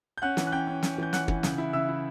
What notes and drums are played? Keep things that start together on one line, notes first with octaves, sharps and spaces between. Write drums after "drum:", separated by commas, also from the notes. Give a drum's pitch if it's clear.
G6
C#4 F#5 F#6
E3, drum: snare
F#6
C#4 G5 G6
C#4
C#4, drum: snare
E3 G6
C#4 F#5 F#6, drum: snare
E3, drum: kick
C#3, drum: snare
E4
C#3 E5 E6
E4